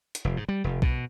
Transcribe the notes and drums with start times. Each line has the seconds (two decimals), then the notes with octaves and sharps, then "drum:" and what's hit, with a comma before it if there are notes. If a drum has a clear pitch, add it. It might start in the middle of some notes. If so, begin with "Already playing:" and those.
0.15 drum: hi-hat
0.25 F1
0.37 G#2
0.49 G3
0.64 F1
0.82 B2, drum: kick